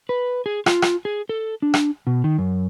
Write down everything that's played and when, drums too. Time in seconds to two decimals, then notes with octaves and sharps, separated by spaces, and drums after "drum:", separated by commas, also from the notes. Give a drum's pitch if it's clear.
0.09 B4
0.46 G#4
0.66 F4, drum: rim click
0.82 drum: rim click
1.05 G#4
1.29 A4
1.62 D4
1.74 drum: rim click
2.07 B2
2.24 D#3
2.38 F#2